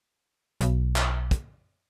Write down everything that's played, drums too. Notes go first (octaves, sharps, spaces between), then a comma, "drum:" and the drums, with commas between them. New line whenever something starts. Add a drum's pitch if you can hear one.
B1, drum: hi-hat
drum: clap
drum: kick, hi-hat